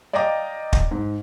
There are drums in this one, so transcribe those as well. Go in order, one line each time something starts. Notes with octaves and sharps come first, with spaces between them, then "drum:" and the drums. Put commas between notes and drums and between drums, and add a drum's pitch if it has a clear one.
D5 D#5 F5 G5 A#5 D6
drum: kick
G#2